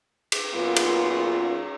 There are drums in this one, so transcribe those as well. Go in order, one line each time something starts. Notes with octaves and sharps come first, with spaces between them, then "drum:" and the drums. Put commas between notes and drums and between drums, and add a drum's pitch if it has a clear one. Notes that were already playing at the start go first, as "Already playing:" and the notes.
drum: cymbal
F#2 A#2 B3 F4
drum: cymbal